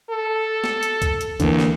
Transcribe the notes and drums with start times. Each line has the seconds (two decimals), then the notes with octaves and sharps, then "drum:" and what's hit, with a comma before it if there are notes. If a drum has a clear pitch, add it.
0.10 A4
0.64 drum: snare
0.83 drum: hi-hat
1.02 drum: kick C#2, hi-hat
1.21 drum: hi-hat
1.40 D2 D3 E3 A#3, drum: kick C#2, hi-hat
1.59 drum: snare